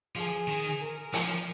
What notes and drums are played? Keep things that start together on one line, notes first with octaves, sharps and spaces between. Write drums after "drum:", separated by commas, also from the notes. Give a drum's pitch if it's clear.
F3 G#4
D#3
A#4
F3, drum: hi-hat